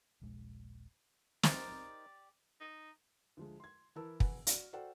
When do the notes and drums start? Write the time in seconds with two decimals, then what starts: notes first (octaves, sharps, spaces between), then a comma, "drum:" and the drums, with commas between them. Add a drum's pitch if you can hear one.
0.21 D#1 A#1 G#3
1.43 D#4 G4 A#4 C5 D5 A6, drum: snare
2.61 D#4
3.37 D2 F3 G#3
3.60 C6 G#6
3.96 E3 E4 A#4 A5 E6
4.20 E1 B4 F#5 G#5, drum: kick
4.47 F#4 D5 F6, drum: hi-hat
4.73 F#4 A4 C5 D5 F#5 G5